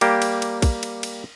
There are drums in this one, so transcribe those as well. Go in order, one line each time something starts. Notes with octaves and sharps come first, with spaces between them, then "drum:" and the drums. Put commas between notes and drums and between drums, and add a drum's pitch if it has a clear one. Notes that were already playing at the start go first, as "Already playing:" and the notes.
G3 A#3 G4, drum: cymbal
drum: cymbal
drum: cymbal
drum: kick, cymbal
drum: cymbal
drum: cymbal